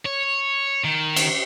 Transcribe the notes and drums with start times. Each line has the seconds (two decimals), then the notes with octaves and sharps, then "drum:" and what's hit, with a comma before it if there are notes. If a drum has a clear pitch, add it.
0.06 C#5
0.84 D#3
1.16 drum: cymbal